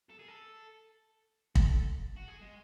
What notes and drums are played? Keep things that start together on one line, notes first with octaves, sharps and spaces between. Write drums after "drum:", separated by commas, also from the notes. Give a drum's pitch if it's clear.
A4
G#4
A4
A4, drum: kick
F#4
G#4
G#3